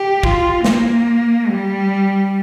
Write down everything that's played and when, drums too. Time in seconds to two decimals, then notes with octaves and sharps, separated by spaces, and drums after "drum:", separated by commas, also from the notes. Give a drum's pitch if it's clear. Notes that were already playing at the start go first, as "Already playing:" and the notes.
Already playing: G4
0.23 F4, drum: kick
0.65 A#3, drum: snare
1.48 G3